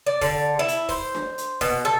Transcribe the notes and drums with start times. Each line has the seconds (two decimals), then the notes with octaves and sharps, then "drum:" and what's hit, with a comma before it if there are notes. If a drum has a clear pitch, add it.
0.06 D5
0.22 D3, drum: kick F1, open hi-hat
0.59 E4
0.68 drum: hi-hat
0.89 C5, drum: kick F1, open hi-hat
1.15 drum: snare D4
1.38 drum: hi-hat
1.61 B2, drum: kick F1, open hi-hat
1.85 A4